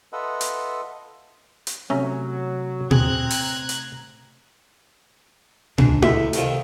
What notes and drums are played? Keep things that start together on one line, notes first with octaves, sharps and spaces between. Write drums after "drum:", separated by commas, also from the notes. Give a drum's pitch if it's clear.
F4 A4 B4 D#5 E5 F#5
drum: hi-hat
drum: hi-hat
C3 F#3 A3 C#4 E5 A#5
C4 G#4 A#5 F#6 G#6, drum: tom A#2
drum: open hi-hat
drum: hi-hat
C#2 G#2 D4, drum: tom A#2
E2 D#4 A4 E5, drum: tom E4
C2 D#3 F3, drum: hi-hat